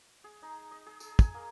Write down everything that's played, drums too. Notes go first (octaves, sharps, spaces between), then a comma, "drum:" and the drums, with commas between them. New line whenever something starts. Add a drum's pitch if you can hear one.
G#4
D#4
D#5
G#4
G#4, drum: tambourine
G#5, drum: kick, tambourine
A#3